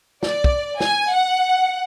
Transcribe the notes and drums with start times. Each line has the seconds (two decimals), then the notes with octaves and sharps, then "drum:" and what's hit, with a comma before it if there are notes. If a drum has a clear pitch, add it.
0.23 D5, drum: snare
0.44 drum: kick
0.80 G#5, drum: snare
1.12 F#5